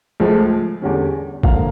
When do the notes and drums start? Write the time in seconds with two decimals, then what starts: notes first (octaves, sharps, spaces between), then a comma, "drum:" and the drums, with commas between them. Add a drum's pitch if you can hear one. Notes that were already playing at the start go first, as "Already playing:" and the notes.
0.20 C#2 C#3 F3 A3
0.82 E2 D3 G3 C#4
1.43 D3 F3 A#3 F5, drum: kick A1